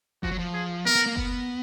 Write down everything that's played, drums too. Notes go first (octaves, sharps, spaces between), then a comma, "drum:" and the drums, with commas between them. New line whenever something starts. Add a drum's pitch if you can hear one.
F3 F#4, drum: kick F#1
F#3
F3
G#4
B3 A#4
B3
A#3
B3, drum: kick F#1